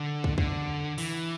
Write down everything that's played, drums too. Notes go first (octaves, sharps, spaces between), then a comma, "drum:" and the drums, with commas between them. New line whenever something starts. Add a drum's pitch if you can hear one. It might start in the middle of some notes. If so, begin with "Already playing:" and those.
Already playing: D3
drum: kick
D3, drum: kick
E3, drum: open hi-hat